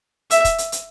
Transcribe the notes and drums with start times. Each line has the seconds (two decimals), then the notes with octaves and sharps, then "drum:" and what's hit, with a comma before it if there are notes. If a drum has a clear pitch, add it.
0.31 E5, drum: hi-hat
0.45 drum: kick, hi-hat
0.58 drum: hi-hat
0.72 drum: hi-hat